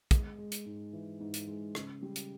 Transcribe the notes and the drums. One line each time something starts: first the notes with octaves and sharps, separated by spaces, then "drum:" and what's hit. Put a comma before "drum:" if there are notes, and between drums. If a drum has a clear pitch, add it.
G#3, drum: kick, hi-hat
G#3
drum: hi-hat
G#2
E3
G#2
drum: hi-hat
G#3
C#3, drum: rim click
G3
drum: hi-hat